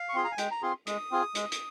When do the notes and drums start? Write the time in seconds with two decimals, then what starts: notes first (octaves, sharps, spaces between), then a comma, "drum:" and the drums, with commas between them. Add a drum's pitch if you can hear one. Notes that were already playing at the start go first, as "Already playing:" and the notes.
Already playing: F5
0.09 C#6
0.14 C4 F4 G#4 C6
0.24 A#5
0.32 G#5
0.38 G#3 G5, drum: hi-hat
0.51 A#5
0.62 C4 F4 G#4 C6
0.87 G#3 D#6, drum: hi-hat
1.11 C4 F4 G#4
1.35 G#3, drum: hi-hat
1.52 drum: hi-hat